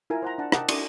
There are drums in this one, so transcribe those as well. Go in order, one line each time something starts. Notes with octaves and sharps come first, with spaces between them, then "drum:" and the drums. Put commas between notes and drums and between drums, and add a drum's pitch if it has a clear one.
E4 F4 A#4 G#5
C5 F#5 A#5
D4 F#5 A5
A#4 D#5 F#5 G5 A5 D6, drum: rim click
D5 E5 C6 C#6 D#6, drum: cymbal